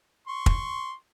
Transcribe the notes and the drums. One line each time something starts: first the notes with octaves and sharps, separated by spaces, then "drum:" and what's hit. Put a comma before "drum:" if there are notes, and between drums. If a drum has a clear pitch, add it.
C6 C#6
drum: kick